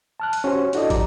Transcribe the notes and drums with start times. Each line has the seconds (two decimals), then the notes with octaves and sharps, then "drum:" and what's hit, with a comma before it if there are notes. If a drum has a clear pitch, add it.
0.20 A5 F6 F#6
0.33 drum: hi-hat
0.44 C#4 F#4 G4 C5 C#5
0.73 D4 E4 F#4 A4 D5 D#5, drum: hi-hat
0.90 F2 F3 G4 D5 A#5, drum: kick, hi-hat